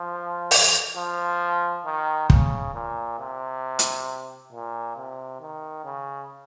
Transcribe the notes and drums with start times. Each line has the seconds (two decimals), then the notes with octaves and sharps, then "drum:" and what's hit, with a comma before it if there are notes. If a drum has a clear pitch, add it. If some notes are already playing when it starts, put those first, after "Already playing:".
Already playing: F3
0.51 drum: open hi-hat
0.96 F3
1.86 D#3
2.30 C#3, drum: kick
2.74 A#2
3.19 C3
3.79 drum: hi-hat
4.52 A#2
4.97 C3
5.41 D#3
5.85 C#3